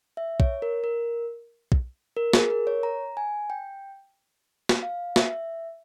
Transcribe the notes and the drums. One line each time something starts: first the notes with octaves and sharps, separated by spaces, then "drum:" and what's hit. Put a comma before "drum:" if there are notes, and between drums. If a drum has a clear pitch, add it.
E5
C#5, drum: kick
A#4
A#4
drum: kick
A#4
G#4, drum: snare
A#4
C#5
A#5
G#5
G5
drum: snare
F5
E5, drum: snare